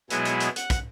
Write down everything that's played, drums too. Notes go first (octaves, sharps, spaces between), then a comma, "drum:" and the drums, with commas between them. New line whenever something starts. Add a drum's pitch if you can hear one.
B2 F#3 G#3 B3 E4 G#4, drum: hi-hat
drum: hi-hat
drum: hi-hat
F#5, drum: hi-hat
drum: kick, hi-hat